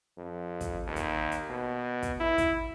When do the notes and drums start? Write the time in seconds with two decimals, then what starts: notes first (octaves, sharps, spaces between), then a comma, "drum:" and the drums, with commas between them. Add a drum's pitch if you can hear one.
0.18 F2
0.61 drum: kick, hi-hat
0.87 D#2
0.96 drum: kick, hi-hat
1.32 drum: hi-hat
1.50 B2
2.02 drum: kick, hi-hat
2.20 E4
2.38 drum: kick, hi-hat